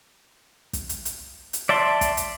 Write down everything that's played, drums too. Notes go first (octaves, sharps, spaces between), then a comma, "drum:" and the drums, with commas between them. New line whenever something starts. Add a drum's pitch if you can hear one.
drum: kick, hi-hat
drum: hi-hat
drum: hi-hat
drum: hi-hat
D5 E5 A5 C6
drum: kick, hi-hat
drum: hi-hat